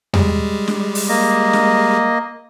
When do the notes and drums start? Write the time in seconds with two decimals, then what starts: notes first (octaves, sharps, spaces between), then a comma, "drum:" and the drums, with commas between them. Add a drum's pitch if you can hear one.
0.13 G3 G#3, drum: tom E2
0.68 drum: snare
0.95 drum: open hi-hat
1.09 A#3 D#5
1.53 drum: snare